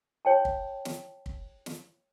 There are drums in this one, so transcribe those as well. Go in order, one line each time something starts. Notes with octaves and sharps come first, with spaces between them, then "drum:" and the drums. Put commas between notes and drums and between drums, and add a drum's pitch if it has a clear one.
C#5 G5 A5
drum: kick
drum: snare
drum: kick
drum: snare